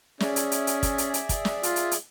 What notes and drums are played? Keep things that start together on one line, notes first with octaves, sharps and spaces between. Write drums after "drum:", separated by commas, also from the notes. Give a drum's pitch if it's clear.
C#4 G#4 D5 E5, drum: snare
drum: hi-hat
drum: hi-hat
drum: hi-hat
drum: kick, hi-hat
drum: hi-hat
drum: hi-hat
drum: kick, hi-hat
drum: snare
F4, drum: hi-hat
drum: hi-hat
drum: hi-hat